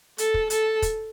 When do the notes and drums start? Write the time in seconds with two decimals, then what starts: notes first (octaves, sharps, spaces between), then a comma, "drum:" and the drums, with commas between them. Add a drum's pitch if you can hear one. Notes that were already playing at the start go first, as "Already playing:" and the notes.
0.18 A4, drum: hi-hat
0.34 drum: kick
0.50 A4, drum: hi-hat
0.82 drum: kick, hi-hat